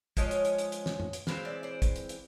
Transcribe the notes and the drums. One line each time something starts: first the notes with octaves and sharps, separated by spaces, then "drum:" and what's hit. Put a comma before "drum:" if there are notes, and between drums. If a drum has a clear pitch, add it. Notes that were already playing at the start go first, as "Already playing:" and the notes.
F3 G#3 C#4 C#5 D#5, drum: kick, hi-hat
drum: hi-hat
drum: hi-hat
drum: hi-hat
drum: hi-hat
drum: snare
drum: tom F#2
drum: hi-hat
E3 G#3 C4 F5, drum: snare
D5 E5
C5 D5
drum: kick, hi-hat
drum: hi-hat
drum: hi-hat